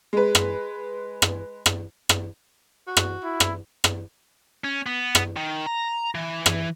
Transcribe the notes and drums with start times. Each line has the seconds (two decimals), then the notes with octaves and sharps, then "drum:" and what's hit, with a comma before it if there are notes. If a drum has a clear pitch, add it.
0.13 G#3 B4
0.35 drum: rim click
1.22 drum: rim click
1.66 drum: rim click
2.09 drum: rim click
2.88 F#4
2.97 drum: rim click
3.24 E4
3.40 drum: rim click
3.84 drum: rim click
4.64 C#4
4.86 B3
5.15 drum: rim click
5.37 D#3
5.67 A#5
6.15 E3
6.46 drum: rim click